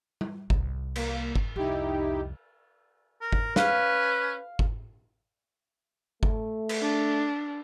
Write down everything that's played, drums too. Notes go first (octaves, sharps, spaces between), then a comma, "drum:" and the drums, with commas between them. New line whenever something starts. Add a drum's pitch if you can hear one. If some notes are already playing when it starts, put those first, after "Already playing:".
drum: tom G3
C2, drum: kick G1
A#3, drum: cymbal
drum: kick G1
C2 F2 D#4 E4 G4
A#4
drum: kick G1
C#4 B4 F5, drum: snare
drum: kick G1
A3, drum: kick G1
drum: cymbal
D4